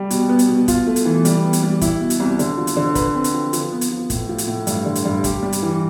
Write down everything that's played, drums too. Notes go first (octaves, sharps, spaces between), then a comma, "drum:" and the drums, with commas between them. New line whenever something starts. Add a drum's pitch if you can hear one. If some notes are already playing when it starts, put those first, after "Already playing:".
Already playing: G3
B2, drum: hi-hat
B3
drum: hi-hat
B2
F4, drum: kick, hi-hat
A3
drum: hi-hat
E3
G3, drum: hi-hat
B3
drum: hi-hat
G3
E4, drum: kick, hi-hat
B2
drum: hi-hat
C2
D3, drum: hi-hat
F3
drum: hi-hat
D3
B4, drum: kick, hi-hat
C4
drum: hi-hat
F3
F3, drum: hi-hat
B3
drum: hi-hat
F3
A2, drum: kick, hi-hat
F3
drum: hi-hat
A2
G2, drum: hi-hat
D3
drum: hi-hat
G2
G4, drum: kick, hi-hat
G3
drum: hi-hat
E3